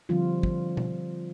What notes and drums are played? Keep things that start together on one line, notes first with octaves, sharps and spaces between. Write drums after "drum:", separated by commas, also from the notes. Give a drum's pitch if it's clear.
D3 F3 G3 C4 F4
drum: kick
drum: tom B2